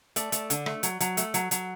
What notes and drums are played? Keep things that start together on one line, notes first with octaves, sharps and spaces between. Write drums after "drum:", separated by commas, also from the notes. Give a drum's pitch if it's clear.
A3 D5, drum: hi-hat
A3, drum: hi-hat
D3, drum: hi-hat
A3, drum: rim click
F#3, drum: hi-hat
F#3, drum: hi-hat
A3, drum: hi-hat
F#3, drum: hi-hat
F#3, drum: hi-hat